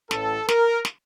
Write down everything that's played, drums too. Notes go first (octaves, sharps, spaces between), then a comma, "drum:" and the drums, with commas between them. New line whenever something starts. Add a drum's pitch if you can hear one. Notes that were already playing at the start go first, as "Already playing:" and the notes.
A1 A2 A4, drum: snare
A#4, drum: snare
drum: snare